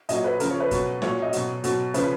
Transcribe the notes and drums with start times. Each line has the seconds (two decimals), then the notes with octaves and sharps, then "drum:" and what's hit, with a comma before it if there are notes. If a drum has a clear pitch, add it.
0.09 A#2 F#3 D#5, drum: hi-hat
0.24 B4
0.40 C#3 F3 A#4, drum: hi-hat
0.51 C#5
0.60 B4
0.71 B2 F#3, drum: kick, hi-hat
1.02 A#2 F#3 C#5, drum: snare
1.22 D#5
1.33 B2 F#3, drum: hi-hat
1.64 B2 F#3, drum: hi-hat
1.94 C#3 F3 B4, drum: hi-hat